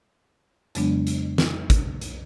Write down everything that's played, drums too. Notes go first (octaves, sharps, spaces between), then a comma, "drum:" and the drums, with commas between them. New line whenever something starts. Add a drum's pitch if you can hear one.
F2 C#3 F#3 G#3 B3 D4, drum: hi-hat
drum: hi-hat
drum: snare
drum: kick, hi-hat
drum: hi-hat